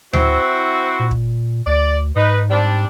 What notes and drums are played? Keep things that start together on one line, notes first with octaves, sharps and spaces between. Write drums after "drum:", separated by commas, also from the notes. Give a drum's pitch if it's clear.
C4 E4 F#4, drum: tom D2
A#2
drum: kick
D2 D5
G#2 D#4 B4
G3 C4 D4